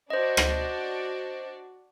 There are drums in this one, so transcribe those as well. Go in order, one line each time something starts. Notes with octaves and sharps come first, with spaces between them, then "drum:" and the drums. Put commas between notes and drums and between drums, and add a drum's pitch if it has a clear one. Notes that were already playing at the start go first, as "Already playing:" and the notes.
D4 F#4 C5 D5 D#5
drum: rim click